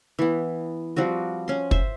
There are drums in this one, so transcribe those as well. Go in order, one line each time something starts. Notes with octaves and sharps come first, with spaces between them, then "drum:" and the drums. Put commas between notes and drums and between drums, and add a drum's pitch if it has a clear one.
E3 B3
F3 G3 C4 F#4
C#4 C6
C5 E5, drum: kick